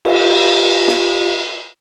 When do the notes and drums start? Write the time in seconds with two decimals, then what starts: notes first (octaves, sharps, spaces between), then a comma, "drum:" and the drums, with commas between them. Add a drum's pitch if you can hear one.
0.05 F4 G4 F5, drum: cymbal
0.88 drum: snare